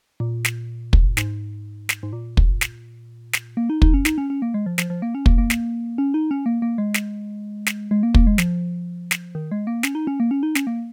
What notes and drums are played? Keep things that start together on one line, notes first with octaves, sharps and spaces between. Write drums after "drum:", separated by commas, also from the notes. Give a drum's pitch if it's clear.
A#2
drum: snare
drum: kick
G#2, drum: snare
drum: snare
G#2
A#2
drum: kick
drum: snare
drum: snare
A#3
D#4
D#4, drum: kick
C#4
D#4, drum: snare
C#4
C#4
A#3
G#3
F3
F3, drum: snare
F3
A#3
C#4
A#3, drum: kick
A#3
drum: snare
C#4
D#4
C#4
A#3
A#3
G#3
drum: snare
drum: snare
G#3
A#3
A#3, drum: kick
G#3
F3, drum: snare
drum: snare
D#3
G#3
A#3
C#4, drum: snare
D#4
C#4
A#3
C#4
D#4
C#4, drum: snare
A#3